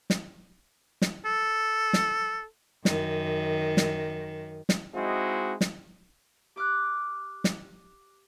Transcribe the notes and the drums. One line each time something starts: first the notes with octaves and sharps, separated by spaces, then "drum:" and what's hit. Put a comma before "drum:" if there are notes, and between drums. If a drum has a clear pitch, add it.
drum: snare
drum: snare
A4
drum: snare
F#2 D#3, drum: snare
drum: snare
drum: snare
G#3 C4 D#4 E4 F#4
drum: snare
G4 D6 F6 F#6
drum: snare